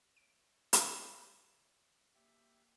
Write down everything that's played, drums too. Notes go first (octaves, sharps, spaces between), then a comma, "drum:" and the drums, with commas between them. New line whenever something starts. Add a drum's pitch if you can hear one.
C#5 E5 D7
drum: hi-hat
A#3 G4 E5 G5